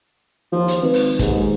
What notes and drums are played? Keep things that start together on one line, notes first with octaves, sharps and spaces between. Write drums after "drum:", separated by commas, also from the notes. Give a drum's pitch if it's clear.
D#2 F3
drum: hi-hat
G#1 B4
drum: open hi-hat
D#2 G#2, drum: kick, hi-hat